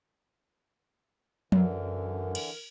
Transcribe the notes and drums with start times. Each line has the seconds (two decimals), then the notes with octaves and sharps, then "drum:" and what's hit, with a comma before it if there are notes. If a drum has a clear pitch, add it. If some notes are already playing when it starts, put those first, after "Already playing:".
1.52 F#2 D3 E3 A#4, drum: tom F3
2.35 drum: cymbal